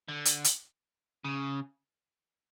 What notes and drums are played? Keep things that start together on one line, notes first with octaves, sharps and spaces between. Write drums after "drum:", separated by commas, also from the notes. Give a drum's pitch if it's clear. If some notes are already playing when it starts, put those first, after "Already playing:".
D3
drum: hi-hat
drum: hi-hat
C#3